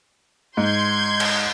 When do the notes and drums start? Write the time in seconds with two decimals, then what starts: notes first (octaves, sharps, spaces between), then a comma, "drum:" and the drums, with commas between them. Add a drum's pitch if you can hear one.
0.57 G#2 C6 G6 G#6
1.20 drum: cymbal